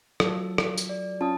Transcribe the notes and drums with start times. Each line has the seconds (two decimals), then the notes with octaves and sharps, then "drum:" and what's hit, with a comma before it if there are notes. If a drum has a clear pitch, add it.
0.20 F#3 F4 A4, drum: rim click
0.58 drum: rim click
0.78 drum: tambourine
0.89 D5
1.21 C#4 F4 A5 D#6